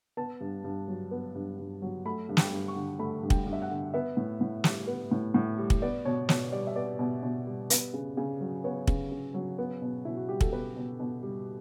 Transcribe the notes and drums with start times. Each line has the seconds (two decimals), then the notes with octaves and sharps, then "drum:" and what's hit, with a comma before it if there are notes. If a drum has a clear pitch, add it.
0.17 B3 A5
0.41 G2
0.64 G2
0.88 F#3
1.11 B3
1.35 G2
1.59 G2
1.82 F#3
2.05 A3 B5
2.29 G2
2.37 G5, drum: snare
2.52 G2
2.68 C#6
2.76 D3
2.99 A3 B5
3.23 G2
3.30 G5, drum: kick
3.46 G2
3.53 E5
3.62 F#5
3.71 D3
3.94 B3 E5
4.17 A2
4.41 A2
4.64 G3, drum: snare
4.87 B3
5.11 A2
5.34 A2
5.58 G3
5.70 drum: kick
5.82 B3 D5
6.05 B2 C#5
6.29 B2 C#5, drum: snare
6.52 G3 D5
6.67 E5
6.76 B3 D5
6.99 B2
7.23 B2
7.47 G3
7.70 B3, drum: hi-hat
7.94 C#3
8.17 C#3
8.41 F#3
8.64 B3 C#5
8.87 C#3, drum: kick
9.11 C#3
9.34 F#3
9.58 B3
9.82 B2
10.05 B2 E4
10.17 F#4
10.29 G3 G4
10.41 A4, drum: kick
10.53 B3 B4
10.76 B2
10.99 B2
11.23 G3